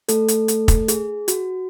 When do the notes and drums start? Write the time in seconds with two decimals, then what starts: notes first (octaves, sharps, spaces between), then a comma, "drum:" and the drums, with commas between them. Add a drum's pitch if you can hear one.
0.08 A3 A4, drum: hi-hat
0.28 drum: hi-hat
0.48 drum: hi-hat
0.68 drum: kick, hi-hat
0.88 G#4, drum: hi-hat
1.28 F#4, drum: hi-hat